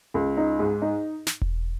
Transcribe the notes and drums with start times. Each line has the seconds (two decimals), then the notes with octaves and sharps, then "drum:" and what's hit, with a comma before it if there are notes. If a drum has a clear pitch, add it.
0.14 C#2
0.37 D#4
0.59 G#2
0.82 D#4
1.27 drum: snare
1.42 drum: kick E1